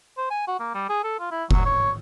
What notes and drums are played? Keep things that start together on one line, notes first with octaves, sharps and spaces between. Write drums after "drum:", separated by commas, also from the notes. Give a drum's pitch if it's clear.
C5
G#5
F#4
A#3
G3
G#4
A4
F4
E4
F#3, drum: kick F1
C#5